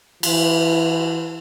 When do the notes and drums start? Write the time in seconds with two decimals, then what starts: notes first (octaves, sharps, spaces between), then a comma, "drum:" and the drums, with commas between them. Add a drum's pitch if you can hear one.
0.23 E3, drum: cymbal